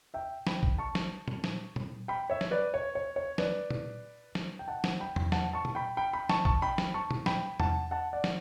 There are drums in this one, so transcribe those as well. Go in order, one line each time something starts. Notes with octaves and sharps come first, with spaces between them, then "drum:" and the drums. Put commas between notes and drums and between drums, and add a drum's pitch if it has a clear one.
E5 G5
G5 B5, drum: snare
drum: kick A#1
A5 C#6
drum: snare
drum: tom A#2
drum: snare
drum: tom A#2
G5 B5
C#5 E5
drum: snare
B4 D5
C#5
C#5
C#5
B4 D5, drum: snare
drum: tom A#2
drum: snare
G5
F#5 A5
drum: snare
G5 B5
drum: tom E2
F#5 A5, drum: snare
A5 C#6
drum: tom A#2
G5 B5
G5 B5
G5 B5
A5 C#6, drum: snare
A5 C#6, drum: kick A#1
G5 B5
drum: snare
A5 C#6
drum: tom A#2
G5 B5, drum: snare
F#5 A5, drum: tom E2
F#5 A5
D5 F#5
drum: snare